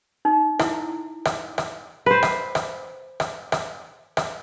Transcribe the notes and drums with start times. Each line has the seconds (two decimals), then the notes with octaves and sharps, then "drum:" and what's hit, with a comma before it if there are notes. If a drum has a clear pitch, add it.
0.25 D#4
0.59 E4, drum: rim click
1.25 drum: rim click
1.58 drum: rim click
2.06 B4 C5
2.23 drum: rim click
2.55 drum: rim click
3.20 drum: rim click
3.52 drum: rim click
4.17 drum: rim click